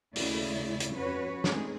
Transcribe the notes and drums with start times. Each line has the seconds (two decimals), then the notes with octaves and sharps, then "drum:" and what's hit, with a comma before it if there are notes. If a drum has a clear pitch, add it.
0.16 D#2 C#3 A3 E4 D5, drum: open hi-hat
0.80 drum: hi-hat
0.96 F2 C#4 F#4 B4 C#5
1.44 G#3 A3 C4 D#4 G#4, drum: snare